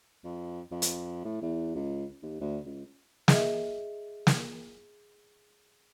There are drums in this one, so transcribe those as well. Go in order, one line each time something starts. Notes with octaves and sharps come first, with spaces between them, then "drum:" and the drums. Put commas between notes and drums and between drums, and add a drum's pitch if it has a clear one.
F2
F2
drum: hi-hat
A2
E2
C#2
D#2
D2
C#2
G#4 D#5 E5, drum: snare
drum: snare